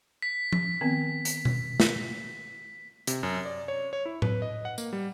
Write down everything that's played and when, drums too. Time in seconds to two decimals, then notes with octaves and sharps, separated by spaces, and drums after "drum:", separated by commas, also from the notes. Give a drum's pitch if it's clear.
0.22 B6
0.53 drum: tom F3
0.81 D#3 B3 C4
1.25 drum: hi-hat
1.45 drum: tom B2
1.80 drum: snare
3.07 C3, drum: hi-hat
3.23 F#2
3.45 D5
3.68 C#5
3.93 C#5
4.06 E4
4.22 B4, drum: tom A2
4.42 D#5
4.65 F#5
4.78 A#3, drum: tambourine
4.93 G3